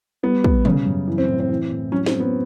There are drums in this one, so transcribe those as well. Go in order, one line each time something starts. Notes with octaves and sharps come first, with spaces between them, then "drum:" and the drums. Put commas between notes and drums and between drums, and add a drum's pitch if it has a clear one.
G3 B3
G3, drum: kick
C#3, drum: tom
F#2
E3
C4
A2
C4
E3
A2
F#3 C#4
C4, drum: snare
F#3
B3